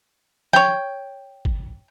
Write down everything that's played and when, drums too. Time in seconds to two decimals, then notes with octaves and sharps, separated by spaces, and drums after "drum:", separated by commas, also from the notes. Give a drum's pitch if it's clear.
0.53 C#5 G5, drum: snare
1.45 drum: kick